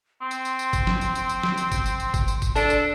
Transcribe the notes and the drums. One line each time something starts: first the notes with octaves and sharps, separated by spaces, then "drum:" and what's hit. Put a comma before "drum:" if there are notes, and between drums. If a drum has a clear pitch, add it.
C4 C6
drum: tambourine
drum: tambourine
drum: tambourine
drum: kick F#1, tambourine
drum: snare
drum: tambourine
drum: tambourine
drum: tambourine
drum: snare
drum: tambourine
drum: kick F#1, tambourine
drum: tambourine
drum: tambourine
drum: kick F#1, tambourine
drum: tambourine
drum: kick F#1, tambourine
D4 A4 E6, drum: tambourine
drum: tambourine